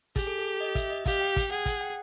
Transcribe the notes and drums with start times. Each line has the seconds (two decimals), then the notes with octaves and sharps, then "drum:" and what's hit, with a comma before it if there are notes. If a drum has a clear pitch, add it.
0.16 G4 G#4, drum: kick, hi-hat
0.27 A4
0.39 A4
0.61 D#5
0.75 E5, drum: kick, hi-hat
0.90 D#5
1.06 G4 F5, drum: kick, hi-hat
1.21 G5
1.36 G5, drum: kick, hi-hat
1.51 G#4 F#5
1.66 F#5, drum: kick, hi-hat
1.81 G5